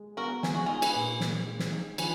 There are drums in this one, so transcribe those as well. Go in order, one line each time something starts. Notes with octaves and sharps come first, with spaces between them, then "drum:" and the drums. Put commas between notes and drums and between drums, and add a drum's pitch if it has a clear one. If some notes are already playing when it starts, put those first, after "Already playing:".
Already playing: G#3
B3 F#4 A#4
G#3 G#4, drum: snare
F#4
D#4 F4 G#4
G#4 B4, drum: cymbal
A#2
A#2, drum: snare
G#3
drum: snare
D#4
F3 G#4 B4, drum: cymbal